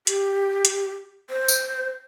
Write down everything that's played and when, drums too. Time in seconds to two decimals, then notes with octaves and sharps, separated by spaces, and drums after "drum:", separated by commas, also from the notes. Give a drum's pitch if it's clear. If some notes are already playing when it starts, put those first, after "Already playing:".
0.07 G4, drum: hi-hat
0.65 drum: hi-hat
1.30 C5
1.48 drum: tambourine